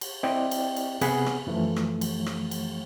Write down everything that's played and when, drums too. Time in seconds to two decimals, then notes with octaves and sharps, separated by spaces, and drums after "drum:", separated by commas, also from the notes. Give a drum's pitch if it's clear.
0.01 drum: cymbal
0.23 C4 E4 D5 D#5 G5
0.51 drum: cymbal
0.76 drum: cymbal
1.01 C3 B3 G#4 F#5 B5, drum: cymbal
1.26 drum: rim click
1.47 F#2 E3 F3 A3
1.76 drum: rim click
2.01 drum: cymbal
2.26 drum: rim click
2.51 drum: cymbal